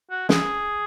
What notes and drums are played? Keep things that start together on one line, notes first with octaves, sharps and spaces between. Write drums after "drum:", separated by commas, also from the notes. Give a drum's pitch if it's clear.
F#4
G#4, drum: snare